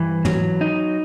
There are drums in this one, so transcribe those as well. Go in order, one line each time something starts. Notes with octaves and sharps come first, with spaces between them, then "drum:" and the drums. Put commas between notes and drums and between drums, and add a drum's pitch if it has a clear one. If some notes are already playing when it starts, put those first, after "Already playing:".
Already playing: G2 E3
F#3, drum: tom
D#4